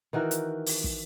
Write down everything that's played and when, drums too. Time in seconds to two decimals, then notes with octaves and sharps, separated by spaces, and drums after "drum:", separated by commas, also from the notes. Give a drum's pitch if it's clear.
0.13 D#3 E3 F#4 A#4
0.31 drum: hi-hat
0.66 drum: open hi-hat
0.84 drum: kick